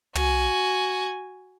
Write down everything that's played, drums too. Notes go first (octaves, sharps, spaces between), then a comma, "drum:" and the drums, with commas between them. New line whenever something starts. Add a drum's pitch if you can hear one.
F#4 G#5, drum: tom